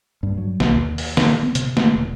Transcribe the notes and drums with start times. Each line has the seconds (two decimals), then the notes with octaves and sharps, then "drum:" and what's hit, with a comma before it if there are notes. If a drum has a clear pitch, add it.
0.23 G2
0.38 F#3
0.60 B1, drum: snare
0.75 D#2
0.98 drum: open hi-hat
1.17 drum: snare
1.43 B3
1.55 C3, drum: hi-hat
1.77 A3, drum: snare
1.96 E1